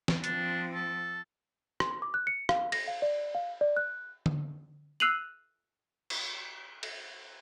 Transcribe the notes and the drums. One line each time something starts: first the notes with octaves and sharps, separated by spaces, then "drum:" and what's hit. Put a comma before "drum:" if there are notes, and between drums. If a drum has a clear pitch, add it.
drum: snare
F3 C4 D4, drum: hi-hat
A4
C6, drum: rim click
D6
F#6
C#7
F5, drum: rim click
A#6, drum: cymbal
F5
D5
F5
D5
F#6
drum: tom D3
E6 F#6 C7 D#7 F7 F#7
drum: cymbal
drum: cymbal